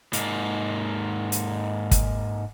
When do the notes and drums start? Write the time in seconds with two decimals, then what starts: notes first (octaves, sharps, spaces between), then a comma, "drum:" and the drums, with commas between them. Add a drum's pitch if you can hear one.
0.13 G#2 A#3, drum: hi-hat
1.32 drum: hi-hat
1.91 drum: kick, hi-hat